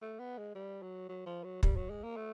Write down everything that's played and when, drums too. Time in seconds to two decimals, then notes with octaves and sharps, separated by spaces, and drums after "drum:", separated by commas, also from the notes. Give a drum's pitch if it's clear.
0.01 A3
0.19 B3
0.37 G#3
0.55 G3
0.82 F#3
1.09 F#3
1.26 F3
1.44 F#3
1.63 G3, drum: kick
1.76 F#3
1.90 G#3
2.04 A#3
2.16 A3